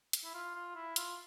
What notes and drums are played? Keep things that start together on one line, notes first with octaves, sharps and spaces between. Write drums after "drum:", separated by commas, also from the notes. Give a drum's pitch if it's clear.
drum: hi-hat
E4
F4
F4
E4
F4, drum: hi-hat